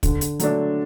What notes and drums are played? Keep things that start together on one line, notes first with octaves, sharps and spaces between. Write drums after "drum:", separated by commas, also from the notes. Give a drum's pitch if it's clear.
D3, drum: kick, hi-hat
drum: hi-hat
F#3 A3 D4, drum: hi-hat